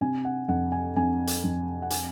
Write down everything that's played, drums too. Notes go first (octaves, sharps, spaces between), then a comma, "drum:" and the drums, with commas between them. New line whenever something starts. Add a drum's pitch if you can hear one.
C3 G#5
F#5
F2 F#5
G#5
F2 G#5
drum: hi-hat
F2
F#5
G#5, drum: hi-hat